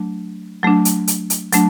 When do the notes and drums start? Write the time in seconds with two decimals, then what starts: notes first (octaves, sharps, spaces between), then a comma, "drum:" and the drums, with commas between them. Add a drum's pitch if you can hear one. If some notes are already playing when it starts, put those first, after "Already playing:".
Already playing: F#3 A3 D4
0.63 F#3 A3 D4
0.85 drum: hi-hat
1.08 drum: hi-hat
1.30 drum: hi-hat
1.52 F#3 A3 D4, drum: hi-hat